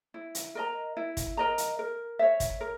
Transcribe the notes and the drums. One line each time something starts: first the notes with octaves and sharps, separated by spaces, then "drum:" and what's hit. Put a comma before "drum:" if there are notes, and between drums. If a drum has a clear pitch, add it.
E4
drum: hi-hat
A#4 D#5 A#5
E4
drum: kick, hi-hat
A#4 D#5 A#5
drum: hi-hat
A#4
C#5 E5
drum: kick, hi-hat
A#4